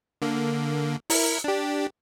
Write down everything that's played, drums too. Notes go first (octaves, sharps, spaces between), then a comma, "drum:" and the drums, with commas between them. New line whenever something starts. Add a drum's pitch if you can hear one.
D3 A#3
E4 A#4, drum: open hi-hat
D4 G4